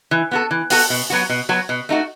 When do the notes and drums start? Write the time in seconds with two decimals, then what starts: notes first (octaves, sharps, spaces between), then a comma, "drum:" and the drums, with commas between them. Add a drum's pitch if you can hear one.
0.11 E3
0.31 B3 F#4 A4
0.51 E3
0.70 B3 F#4 A4, drum: open hi-hat
0.90 B2
1.10 F#3 B3 F#4
1.30 B2
1.49 F#3 B3 F#4
1.69 B2
1.89 A3 D#4 F#4